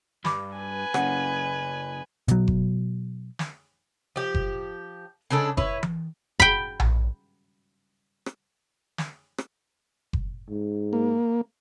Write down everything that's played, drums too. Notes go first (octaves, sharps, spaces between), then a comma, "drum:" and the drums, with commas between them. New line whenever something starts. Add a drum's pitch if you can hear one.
G2 B5 D6, drum: snare
B4 G#5
F#2 C#3 F#5, drum: rim click
B2 F#3, drum: hi-hat
drum: kick F#1
drum: snare
F3 G4
drum: kick F#1
C#3 G#3 D4 A4
E4 B4 C#5, drum: kick F#1
drum: tom E3
G5 B5, drum: kick F#1
drum: tom A#1
drum: rim click
drum: snare
drum: rim click
drum: kick F#1
G#2
A#3